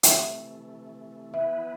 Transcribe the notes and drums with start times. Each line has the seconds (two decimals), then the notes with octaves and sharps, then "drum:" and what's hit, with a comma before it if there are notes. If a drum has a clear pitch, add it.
0.03 C3 E3 A3 E5, drum: hi-hat
1.33 E3 B3 E4 B4 E5